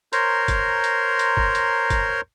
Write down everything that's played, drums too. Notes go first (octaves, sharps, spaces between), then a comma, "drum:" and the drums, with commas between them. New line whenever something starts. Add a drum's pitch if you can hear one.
A#4 C5 C#5 A#5 C6, drum: hi-hat
drum: kick G1, hi-hat
drum: hi-hat
drum: hi-hat
drum: kick G1
drum: hi-hat
drum: kick G1, hi-hat